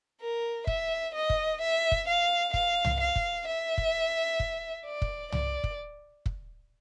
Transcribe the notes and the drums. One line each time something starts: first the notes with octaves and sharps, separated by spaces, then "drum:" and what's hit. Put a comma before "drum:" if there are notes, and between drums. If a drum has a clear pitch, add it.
A#4
E5, drum: kick
D#5
drum: kick
E5
drum: kick
F5
F5, drum: kick
drum: tom C2
F5
drum: kick
E5
drum: kick
drum: kick
D5
drum: kick
D5, drum: tom C2
drum: kick
drum: kick